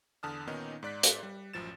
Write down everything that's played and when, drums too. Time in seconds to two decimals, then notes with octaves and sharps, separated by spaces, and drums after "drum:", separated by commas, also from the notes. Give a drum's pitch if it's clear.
0.23 E2 D3 A5 D#6 F6
0.47 A#2 D#3 B3 C#4 D#4
0.83 G#2 D5 F#6 B6
1.03 drum: hi-hat
1.23 G3
1.53 A1 F#2 F3 A6 E7